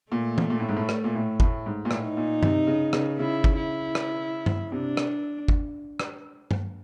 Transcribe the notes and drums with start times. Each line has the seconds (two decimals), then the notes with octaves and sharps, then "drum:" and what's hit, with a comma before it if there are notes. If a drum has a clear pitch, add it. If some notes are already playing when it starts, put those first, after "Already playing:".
0.12 A#2 A3
0.38 drum: tom E3
0.50 A#2
0.60 A2
0.68 G#2
0.76 A2
0.89 drum: rim click
1.04 A#2
1.15 A2
1.40 A2, drum: kick G1
1.66 G#2
1.85 A#2
1.91 A2, drum: rim click
2.03 D#4
2.17 A#2
2.43 C3, drum: tom G2
2.67 C#3
2.93 C#3, drum: rim click
3.19 C#3 E4
3.44 drum: kick G1
3.57 E4
3.95 drum: rim click
4.46 drum: tom G2
4.72 C3 D4
4.97 drum: rim click
5.48 drum: kick G1
6.00 drum: rim click
6.51 drum: tom G2